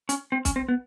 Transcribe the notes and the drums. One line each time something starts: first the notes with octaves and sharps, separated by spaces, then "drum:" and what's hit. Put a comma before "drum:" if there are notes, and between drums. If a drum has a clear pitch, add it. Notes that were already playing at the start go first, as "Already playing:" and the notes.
C#4, drum: hi-hat
C4
C#4, drum: kick, hi-hat
C4
B3